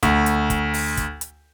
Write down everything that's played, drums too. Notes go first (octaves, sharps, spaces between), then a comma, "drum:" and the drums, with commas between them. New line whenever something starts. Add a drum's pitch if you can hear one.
D2, drum: kick, hi-hat
drum: hi-hat
drum: kick, hi-hat
drum: open hi-hat
drum: kick, hi-hat
drum: hi-hat